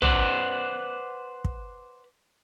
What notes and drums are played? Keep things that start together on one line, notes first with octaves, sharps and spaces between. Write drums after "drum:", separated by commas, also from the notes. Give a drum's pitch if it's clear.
B4 C5 D5 F#5, drum: tom
drum: kick